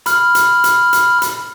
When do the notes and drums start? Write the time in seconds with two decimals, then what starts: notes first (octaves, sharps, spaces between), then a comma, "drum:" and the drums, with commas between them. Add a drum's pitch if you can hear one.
0.06 B5 F6, drum: hi-hat
0.35 drum: hi-hat
0.64 drum: hi-hat
0.93 drum: hi-hat
1.22 drum: hi-hat